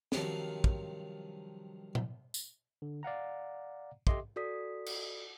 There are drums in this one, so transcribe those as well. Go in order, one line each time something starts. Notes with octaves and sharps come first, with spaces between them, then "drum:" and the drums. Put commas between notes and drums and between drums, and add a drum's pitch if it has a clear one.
G2 C3 D#3 F3 F#3, drum: snare
drum: kick
drum: tom A#2
drum: tambourine
D3
D5 F5 F#5 A#5
G4 A4 D#5 E5 C6 D6, drum: kick
F#4 A4 D5 D#6 B6
drum: cymbal